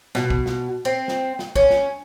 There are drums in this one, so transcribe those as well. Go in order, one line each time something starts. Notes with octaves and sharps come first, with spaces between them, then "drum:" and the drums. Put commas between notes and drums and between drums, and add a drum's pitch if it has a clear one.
B2, drum: snare
drum: kick
drum: snare
C4
drum: snare
drum: snare
C#4, drum: kick
drum: snare